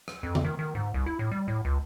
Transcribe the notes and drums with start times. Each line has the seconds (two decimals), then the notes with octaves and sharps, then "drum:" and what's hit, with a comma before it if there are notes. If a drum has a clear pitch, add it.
0.08 drum: rim click
0.23 F2
0.35 drum: tom C#3
0.44 D#3
0.59 D#3
0.75 G#2
0.94 C2
1.06 E4
1.19 A2
1.31 G3
1.48 A2
1.65 C#2